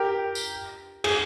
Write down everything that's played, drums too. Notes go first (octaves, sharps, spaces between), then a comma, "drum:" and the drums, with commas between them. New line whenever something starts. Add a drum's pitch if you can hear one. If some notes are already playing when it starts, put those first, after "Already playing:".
Already playing: G4 A#4
drum: tambourine
G#4, drum: cymbal